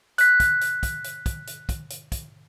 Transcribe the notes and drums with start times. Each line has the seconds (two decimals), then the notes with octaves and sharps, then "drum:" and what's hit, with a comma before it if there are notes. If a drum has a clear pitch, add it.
0.18 F#6 B6, drum: hi-hat
0.40 drum: kick, hi-hat
0.61 drum: hi-hat
0.83 drum: kick, hi-hat
1.04 drum: hi-hat
1.26 drum: kick, hi-hat
1.47 drum: hi-hat
1.69 drum: kick, hi-hat
1.90 drum: hi-hat
2.12 drum: kick, hi-hat